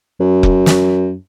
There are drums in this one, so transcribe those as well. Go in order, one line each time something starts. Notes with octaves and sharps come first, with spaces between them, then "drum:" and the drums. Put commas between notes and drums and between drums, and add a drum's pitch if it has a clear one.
F#2
drum: kick F1
drum: snare